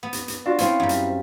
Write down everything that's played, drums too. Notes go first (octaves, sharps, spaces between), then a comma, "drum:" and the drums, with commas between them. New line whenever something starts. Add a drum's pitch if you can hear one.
B3
drum: hi-hat
drum: hi-hat
D4 F4 F#4
C4 C#4 E4 F4 C5, drum: hi-hat
F#2 G3
drum: hi-hat